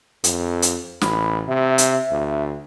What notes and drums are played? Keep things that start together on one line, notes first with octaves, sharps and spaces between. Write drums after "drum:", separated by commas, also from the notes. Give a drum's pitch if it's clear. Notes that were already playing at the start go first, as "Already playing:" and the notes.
F2, drum: hi-hat
drum: hi-hat
A1 B5, drum: snare
C3 E5
drum: hi-hat
D2